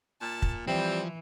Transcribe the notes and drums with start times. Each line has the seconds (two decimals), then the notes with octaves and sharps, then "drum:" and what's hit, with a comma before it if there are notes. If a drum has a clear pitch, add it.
0.21 A#2 A5
0.42 drum: kick
0.67 E3 F3 G3 C4